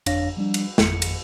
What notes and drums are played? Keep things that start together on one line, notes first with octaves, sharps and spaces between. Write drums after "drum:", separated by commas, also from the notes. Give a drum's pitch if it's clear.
G1 F2 D4 C#5 F5 A#6, drum: cymbal
F3 G3 D4
drum: cymbal
G#1 F2 C#7, drum: snare
drum: cymbal